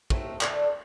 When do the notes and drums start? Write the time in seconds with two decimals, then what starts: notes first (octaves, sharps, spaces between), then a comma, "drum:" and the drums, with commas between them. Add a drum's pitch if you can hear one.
0.10 A2 A3 C4 D#4, drum: kick
0.41 D3 A3 D4, drum: clap